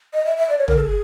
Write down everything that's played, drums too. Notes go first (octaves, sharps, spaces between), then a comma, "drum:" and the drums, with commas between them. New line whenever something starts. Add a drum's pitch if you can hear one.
D#5
E5
E5
D5
C#5
A#4, drum: tom
A4
G#4